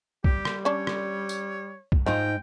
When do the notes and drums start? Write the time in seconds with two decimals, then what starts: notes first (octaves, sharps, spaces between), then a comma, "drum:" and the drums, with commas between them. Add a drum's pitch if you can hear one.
0.24 G3 G4, drum: kick B1
0.45 drum: rim click
0.65 C#4 D4 C#5
0.87 drum: rim click
1.29 drum: tambourine
1.92 drum: kick B1
2.06 G#2 D#3 D#4 F4 G5